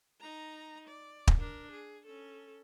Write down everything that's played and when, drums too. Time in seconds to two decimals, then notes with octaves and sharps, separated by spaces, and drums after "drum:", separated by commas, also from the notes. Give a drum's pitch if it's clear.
0.21 D#4 A#5
0.88 D5
1.27 drum: kick
1.40 D4 A#4
1.72 G#4
2.05 C#4 A4